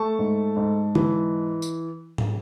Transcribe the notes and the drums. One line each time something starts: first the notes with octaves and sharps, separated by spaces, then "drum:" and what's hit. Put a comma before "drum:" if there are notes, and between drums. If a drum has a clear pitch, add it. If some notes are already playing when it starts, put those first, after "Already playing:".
Already playing: A3 A5 C#6
G#2
G#2
E3, drum: tom D3
drum: tambourine
drum: tom G#2